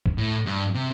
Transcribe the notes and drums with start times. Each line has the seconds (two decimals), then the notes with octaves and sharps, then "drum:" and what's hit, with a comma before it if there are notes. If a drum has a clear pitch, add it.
0.06 drum: kick
0.18 A2
0.46 G2
0.74 C3